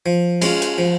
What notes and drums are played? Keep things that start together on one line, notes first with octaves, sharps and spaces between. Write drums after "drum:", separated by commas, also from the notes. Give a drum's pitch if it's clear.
F3
G#3 C#4 F4, drum: cymbal
drum: hi-hat
F3